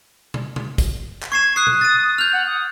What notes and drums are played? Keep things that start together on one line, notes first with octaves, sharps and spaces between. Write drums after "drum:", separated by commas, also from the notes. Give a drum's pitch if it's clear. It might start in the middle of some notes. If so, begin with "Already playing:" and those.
drum: tom
drum: tom
drum: kick, tambourine
drum: clap
C#6 G#6 C7 E7
D#6 F#6 C7
drum: tom
A6 D#7
F6 G6 F7
F#5
D#6